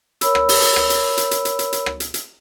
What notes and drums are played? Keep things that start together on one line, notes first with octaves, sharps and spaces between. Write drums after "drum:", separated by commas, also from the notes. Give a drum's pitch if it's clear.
A#4 C#5 B5 E6, drum: hi-hat
drum: rim click
drum: open hi-hat
drum: hi-hat
drum: rim click
drum: hi-hat
drum: hi-hat
drum: hi-hat
drum: hi-hat
drum: hi-hat
drum: hi-hat
drum: rim click
drum: hi-hat
drum: hi-hat